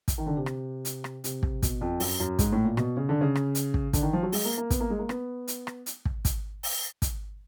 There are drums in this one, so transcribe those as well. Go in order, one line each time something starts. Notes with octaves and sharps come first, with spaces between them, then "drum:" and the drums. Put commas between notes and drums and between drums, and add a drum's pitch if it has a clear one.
drum: kick, hi-hat
D#3
D3
C3
drum: rim click
drum: hi-hat
drum: rim click
C3, drum: hi-hat
drum: kick
B2, drum: kick, hi-hat
F2
F#2, drum: open hi-hat
F#2
G#2, drum: kick, hi-hat
A2
A#2
B2, drum: rim click
C#3
D3
C#3
drum: rim click
drum: hi-hat
drum: kick
D3, drum: kick, hi-hat
D#3
F3
F#3
G#3, drum: open hi-hat
A#3
A#3
B3, drum: kick, hi-hat
A#3
G#3
A#3
B3, drum: rim click
drum: hi-hat
drum: rim click
drum: hi-hat
drum: kick
drum: kick, hi-hat
drum: open hi-hat
drum: kick, hi-hat